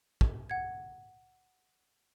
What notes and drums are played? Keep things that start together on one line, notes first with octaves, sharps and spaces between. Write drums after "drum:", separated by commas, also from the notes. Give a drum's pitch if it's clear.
drum: kick
F#5 G#6